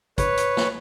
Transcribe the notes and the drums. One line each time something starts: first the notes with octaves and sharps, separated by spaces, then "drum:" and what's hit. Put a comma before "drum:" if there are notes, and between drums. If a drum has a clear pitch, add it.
B4 C#5, drum: kick, hi-hat
drum: hi-hat
drum: snare